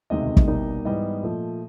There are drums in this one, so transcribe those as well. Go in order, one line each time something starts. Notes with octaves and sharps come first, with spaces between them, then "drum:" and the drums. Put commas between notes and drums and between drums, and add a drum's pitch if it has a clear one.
E1 D2 C3 D#3 G#3 D#5
drum: kick
C2 B2 G3 A#3 D#4
G#2 E3 G3 B3 D#5
A#2 F3 A3